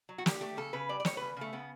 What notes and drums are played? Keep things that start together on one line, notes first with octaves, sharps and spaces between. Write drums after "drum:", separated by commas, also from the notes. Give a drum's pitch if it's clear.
F#3
F#4
D3 G4, drum: snare
A3 G4
C#3 A4
C#3 B4
G3 D5
D5
G3 C#5, drum: snare
C#3 B4
C#3 A3
C#3 B3